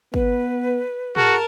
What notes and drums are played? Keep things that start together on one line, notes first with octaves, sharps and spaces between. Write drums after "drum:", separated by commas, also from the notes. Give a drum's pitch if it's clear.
B3 B4, drum: kick
F#4 G#4 A#4 A5, drum: tom